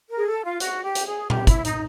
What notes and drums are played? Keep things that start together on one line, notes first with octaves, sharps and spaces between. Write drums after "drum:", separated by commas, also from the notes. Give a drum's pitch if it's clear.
A#4
G#4
A4
F4
F#4, drum: hi-hat
G4
drum: hi-hat
G#4
G4, drum: tom A#2
E4, drum: kick, hi-hat
D#4, drum: hi-hat